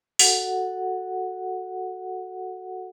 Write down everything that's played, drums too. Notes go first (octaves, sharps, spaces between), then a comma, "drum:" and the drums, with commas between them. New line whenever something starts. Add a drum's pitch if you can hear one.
F#4 A4 F#5, drum: open hi-hat